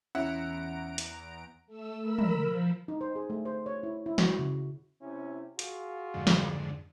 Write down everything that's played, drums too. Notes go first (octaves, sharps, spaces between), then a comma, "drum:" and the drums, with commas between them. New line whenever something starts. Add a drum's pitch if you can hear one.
E2 C#4 E4 F#5 A#5 D7
drum: hi-hat
A3 E6
A#4 B5 E6
drum: tom
F3
D#4
C5
G#4
A3
C5
C#5
E4
E4
F#4, drum: snare
C#3
C3 C#4 E4
F4 F#4 G#4, drum: hi-hat
F2 G#2 D3
drum: snare